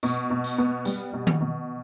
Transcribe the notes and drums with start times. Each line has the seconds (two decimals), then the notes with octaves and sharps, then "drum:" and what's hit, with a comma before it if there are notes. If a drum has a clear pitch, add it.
0.03 B2, drum: tambourine
0.30 B2
0.44 drum: tambourine
0.58 B3
0.85 G3, drum: tambourine
1.13 B2
1.27 drum: tom D#3
1.41 B2